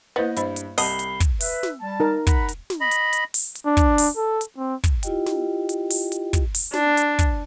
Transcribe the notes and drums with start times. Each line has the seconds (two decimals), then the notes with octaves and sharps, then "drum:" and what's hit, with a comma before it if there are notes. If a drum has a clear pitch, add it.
0.16 A#3 B3 E4 B4 C5 D#5 G6
0.36 G2 C5 D#5 B5, drum: hi-hat
0.56 drum: hi-hat
0.78 C2 D#5 F#5 A5 B5 C7 G7, drum: open hi-hat
0.99 drum: hi-hat
1.20 drum: kick, hi-hat
1.40 B4 E5, drum: open hi-hat
1.63 drum: snare
1.80 G3 A5
2.00 D#4 A#4
2.27 F#5 A#5 B5, drum: kick, hi-hat
2.49 drum: hi-hat
2.70 drum: snare
2.81 D#5 B5
2.91 drum: hi-hat
3.13 drum: hi-hat
3.34 drum: open hi-hat
3.55 drum: hi-hat
3.66 D4
3.77 drum: kick, hi-hat
3.98 drum: open hi-hat
4.16 A4
4.41 drum: hi-hat
4.58 C4
4.84 drum: kick, hi-hat
5.03 E4 F4 G4 D#5 G5, drum: hi-hat
5.26 drum: snare
5.69 drum: hi-hat
5.90 drum: open hi-hat
6.12 drum: hi-hat
6.33 drum: kick, hi-hat
6.54 drum: open hi-hat
6.73 D4, drum: snare
6.97 drum: hi-hat
7.19 drum: kick, hi-hat